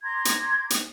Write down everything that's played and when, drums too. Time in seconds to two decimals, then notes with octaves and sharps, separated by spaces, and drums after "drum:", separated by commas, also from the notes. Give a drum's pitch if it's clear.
0.03 A#5 C6 D6 G#6
0.25 drum: hi-hat
0.70 drum: hi-hat